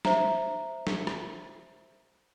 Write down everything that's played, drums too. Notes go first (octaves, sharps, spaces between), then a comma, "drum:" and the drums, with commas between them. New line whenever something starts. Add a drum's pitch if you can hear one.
C5 E5 A#5, drum: snare
drum: snare
drum: rim click